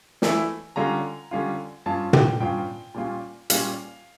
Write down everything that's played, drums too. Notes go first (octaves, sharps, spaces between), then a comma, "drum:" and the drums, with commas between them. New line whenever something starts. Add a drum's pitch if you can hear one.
E3 A3 E4, drum: snare
D3 G3 C#4 F4 A#5
D3 G3 C#4 F4
G2 F3 C#4 F4 A5
G5, drum: tom
G2 F3 C#4 F4 G5
A#2 G3 C#4 F4
A#2 G3 C#4 F4 F5, drum: hi-hat